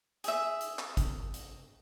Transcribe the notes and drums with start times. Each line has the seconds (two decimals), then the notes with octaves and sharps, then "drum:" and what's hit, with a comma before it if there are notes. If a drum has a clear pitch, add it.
0.24 G#4 E5, drum: hi-hat
0.61 drum: hi-hat
0.79 drum: clap
0.97 drum: kick G#1, hi-hat
1.34 drum: hi-hat